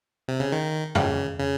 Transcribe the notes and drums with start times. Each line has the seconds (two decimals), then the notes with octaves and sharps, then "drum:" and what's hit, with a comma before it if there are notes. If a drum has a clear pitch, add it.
0.28 C3
0.40 C#3
0.52 D#3
0.95 C#3, drum: tom F2
1.40 C#3